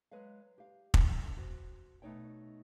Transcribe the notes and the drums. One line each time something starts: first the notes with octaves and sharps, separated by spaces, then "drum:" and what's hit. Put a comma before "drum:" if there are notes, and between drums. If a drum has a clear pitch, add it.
F#3 G#3 B4 C#5 F5
G4 F5
drum: kick
F#2 D3
F#4 C5
B2 A3 D#4 C#5 G5